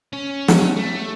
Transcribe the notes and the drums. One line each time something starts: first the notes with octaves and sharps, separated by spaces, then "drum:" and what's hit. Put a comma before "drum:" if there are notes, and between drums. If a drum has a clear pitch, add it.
C#4
drum: snare
A3